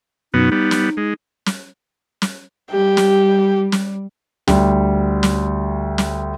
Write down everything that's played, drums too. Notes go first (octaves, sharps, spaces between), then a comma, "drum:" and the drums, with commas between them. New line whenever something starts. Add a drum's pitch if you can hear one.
F#2 B2 B3 D#4
G3 B3
drum: snare
G#3
drum: snare
drum: snare
G3 G4
drum: snare
drum: snare
D2 G3, drum: snare
drum: snare
drum: snare